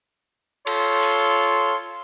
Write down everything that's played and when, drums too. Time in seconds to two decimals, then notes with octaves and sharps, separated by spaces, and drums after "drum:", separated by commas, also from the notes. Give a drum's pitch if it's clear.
0.67 F4 A4 C#5 C6, drum: cymbal
1.03 drum: open hi-hat